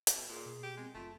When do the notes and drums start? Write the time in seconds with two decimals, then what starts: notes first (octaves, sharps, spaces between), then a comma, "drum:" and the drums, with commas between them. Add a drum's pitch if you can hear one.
0.07 drum: hi-hat
0.16 B2
0.29 A#2 G#4
0.46 B2
0.63 G4
0.77 G#3 C4
0.94 F#1 A3 F4